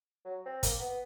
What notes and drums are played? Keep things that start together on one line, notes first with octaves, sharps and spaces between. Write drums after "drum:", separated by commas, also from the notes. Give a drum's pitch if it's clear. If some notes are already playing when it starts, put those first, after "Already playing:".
F#3
C4
A#3, drum: kick, hi-hat
B3